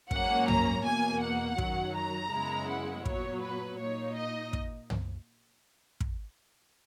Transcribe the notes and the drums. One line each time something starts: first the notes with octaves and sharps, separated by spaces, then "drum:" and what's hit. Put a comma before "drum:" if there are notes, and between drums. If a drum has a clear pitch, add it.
G#2 F#3 A#3 C#4 F#5, drum: kick
A#5, drum: tom
E2 B2 A#3 G#5
F#5
F#2 D#3 F#3, drum: kick
A#5
F#2 C#3 G#3 B3 E4
F#5
A#2 F#3 B3 C#5, drum: kick
B4
A#2 A#3 D#4 C#5
D#5
drum: kick
drum: tom
drum: kick